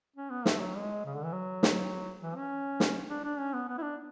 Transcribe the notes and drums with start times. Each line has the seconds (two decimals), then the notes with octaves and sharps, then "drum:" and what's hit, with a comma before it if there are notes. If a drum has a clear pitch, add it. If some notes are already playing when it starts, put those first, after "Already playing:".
0.16 C#4
0.30 B3
0.46 A3, drum: snare
0.60 F#3
0.75 G#3
1.05 C#3
1.15 D3
1.24 E3
1.33 F#3
1.63 drum: snare
2.21 E3
2.36 C#4
2.80 drum: snare
3.10 D4
3.24 D4
3.39 C#4
3.54 B3
3.69 B3
3.78 E4
3.82 D4